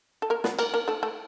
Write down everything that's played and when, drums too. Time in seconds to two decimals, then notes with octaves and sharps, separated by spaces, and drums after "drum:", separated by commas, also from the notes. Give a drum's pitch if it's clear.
0.22 A4
0.30 A#3 A#4
0.44 B3 B4, drum: snare
0.59 A#3 A#4, drum: cymbal
0.74 A#3 A#4
0.88 A3 A4
1.03 A3 A4